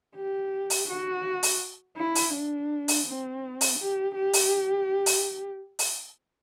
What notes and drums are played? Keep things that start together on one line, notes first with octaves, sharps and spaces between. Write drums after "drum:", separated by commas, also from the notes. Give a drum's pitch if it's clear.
G4
drum: open hi-hat
F#4
drum: open hi-hat
E4
drum: open hi-hat
D4
drum: open hi-hat
C4
drum: open hi-hat
G4
G4
drum: open hi-hat
drum: open hi-hat
drum: open hi-hat